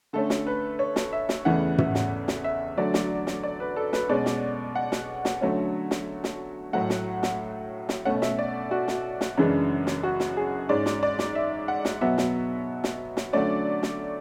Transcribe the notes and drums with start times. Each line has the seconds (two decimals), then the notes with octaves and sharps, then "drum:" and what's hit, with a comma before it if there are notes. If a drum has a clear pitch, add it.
0.13 D3 A3 C#4 A4
0.30 drum: snare
0.47 B4
0.79 C#5
0.96 drum: snare
1.13 E5
1.29 drum: snare
1.45 E2 C#3 E3 A3 F#5
1.78 E5, drum: tom
1.95 drum: snare
2.28 drum: snare
2.44 E5
2.77 D3 F#3 A3 D5
2.94 drum: snare
3.27 drum: snare
3.43 D5
3.60 B4
3.76 A4
3.93 B4, drum: snare
4.09 B2 G#3 C#4 D5
4.26 drum: snare
4.75 F#5
4.92 drum: snare
5.25 drum: snare
5.41 D3 F#3 A3 C#4
5.91 drum: snare
6.24 drum: snare
6.73 A2 F#3 A3 F#5
6.90 drum: snare
7.23 drum: snare
7.89 drum: snare
8.05 B2 A3 C#4 F#5
8.22 E5, drum: snare
8.39 D5
8.71 F#4
8.88 drum: snare
9.21 drum: snare
9.37 F#2 C#3 E3 G#3 D4
9.87 drum: snare
10.03 F#4
10.20 drum: snare
10.37 G#4
10.69 G#2 G#3 C#4 D5
10.86 drum: snare
11.03 D5
11.19 drum: snare
11.35 E5
11.68 F#5
11.85 drum: snare
12.01 B2 F#3 B3 E5
12.18 drum: snare
12.84 drum: snare
13.17 drum: snare
13.33 D3 F#3 A3 C#4 D5
13.83 drum: snare